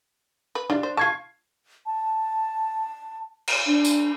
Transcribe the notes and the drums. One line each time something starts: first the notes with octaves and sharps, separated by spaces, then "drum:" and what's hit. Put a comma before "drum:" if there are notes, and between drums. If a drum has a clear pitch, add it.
B4
G3 D4 F4
C5
F4 A5 C#6 G#6 C7
A5
drum: cymbal
D4
drum: tambourine